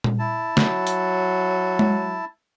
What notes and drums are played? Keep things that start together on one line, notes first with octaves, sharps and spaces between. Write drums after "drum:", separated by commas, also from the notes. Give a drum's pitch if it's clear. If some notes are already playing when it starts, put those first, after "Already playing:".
drum: tom A#2
E4 A5
F#3, drum: snare
drum: hi-hat
drum: tom G#3